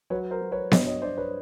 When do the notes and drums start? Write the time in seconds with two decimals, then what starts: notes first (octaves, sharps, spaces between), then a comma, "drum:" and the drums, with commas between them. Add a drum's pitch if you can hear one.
0.10 F#3 B4 C#5
0.31 A#4 C5
0.41 F#3
0.51 B4 C#5
0.71 G2 C#5 D#5, drum: snare B3
0.87 C#5 D#5
1.02 G2 C5 D5
1.17 B4 C#5